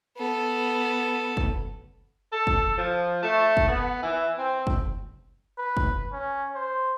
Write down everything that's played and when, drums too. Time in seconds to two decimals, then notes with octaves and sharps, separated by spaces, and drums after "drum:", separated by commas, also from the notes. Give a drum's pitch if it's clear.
0.18 B3 A4
1.37 drum: kick
2.32 A4
2.47 drum: kick
2.78 F3
3.22 A3
3.57 drum: kick
3.68 B3
4.03 E3
4.37 C4
4.67 drum: kick
5.58 B4
5.77 drum: kick
6.13 C#4
6.55 C5